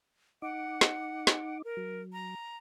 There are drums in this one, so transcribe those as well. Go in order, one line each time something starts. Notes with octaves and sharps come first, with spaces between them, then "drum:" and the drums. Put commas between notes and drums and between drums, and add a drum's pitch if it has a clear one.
D#4 F#5 D6
drum: snare
drum: snare
A#4
F#3
A#5